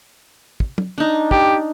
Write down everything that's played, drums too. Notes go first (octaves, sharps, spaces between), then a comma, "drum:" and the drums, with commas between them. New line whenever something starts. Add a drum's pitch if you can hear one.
drum: kick
drum: tom
D4 D#4
G4, drum: kick